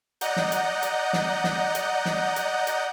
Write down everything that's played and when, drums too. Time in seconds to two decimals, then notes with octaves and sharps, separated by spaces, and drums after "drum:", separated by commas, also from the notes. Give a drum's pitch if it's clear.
0.21 D5 D#5 F#5 A#5 G6, drum: hi-hat
0.36 drum: snare
0.52 drum: hi-hat
0.83 drum: hi-hat
1.13 drum: snare
1.44 drum: snare
1.75 drum: hi-hat
2.05 drum: snare
2.36 drum: hi-hat
2.67 drum: hi-hat